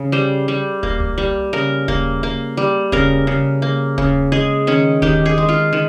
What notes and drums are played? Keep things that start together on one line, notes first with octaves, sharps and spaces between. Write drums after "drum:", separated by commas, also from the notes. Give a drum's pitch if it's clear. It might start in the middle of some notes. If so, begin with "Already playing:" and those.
Already playing: C#3
G3 C5
G3
A#3, drum: kick D#1
drum: tom C2
G3
C#3 A#4
A#3, drum: kick D#1
A#3
G3
C#3 A#4, drum: kick D#1
C#3
A#3
C#3, drum: kick D#1
G#3 G#4
D#3 C#4
D#3 G4, drum: kick D#1
G#4
G#3
F4
D#3